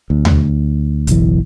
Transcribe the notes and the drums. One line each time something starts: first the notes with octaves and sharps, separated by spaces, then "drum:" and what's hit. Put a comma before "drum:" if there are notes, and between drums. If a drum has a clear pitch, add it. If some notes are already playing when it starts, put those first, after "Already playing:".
D2
drum: tom D#2
F#1 B1 E3, drum: hi-hat